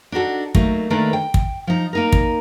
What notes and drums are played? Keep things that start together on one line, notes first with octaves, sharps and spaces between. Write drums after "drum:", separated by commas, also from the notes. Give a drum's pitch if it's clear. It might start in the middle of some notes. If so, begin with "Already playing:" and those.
D4 D#4 F#4 A4
F#3 A3 A#3 D#4, drum: kick
D#3 A3 A#3 D4 A4 B4
G5
drum: kick
F3 D#4
A#3 D#4 A#4
drum: kick